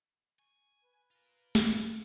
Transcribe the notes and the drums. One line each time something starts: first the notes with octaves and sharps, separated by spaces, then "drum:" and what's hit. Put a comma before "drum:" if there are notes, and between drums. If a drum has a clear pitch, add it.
G#5 C#6
B4
F4 A#4
drum: snare
F5